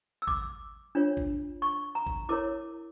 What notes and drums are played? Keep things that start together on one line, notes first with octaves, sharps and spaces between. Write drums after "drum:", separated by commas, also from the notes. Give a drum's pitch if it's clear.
E6
D6, drum: kick G#1
D4 F4 C#5
drum: kick G#1
C#6
A#5
drum: kick G#1
E4 A#4 C#5 D6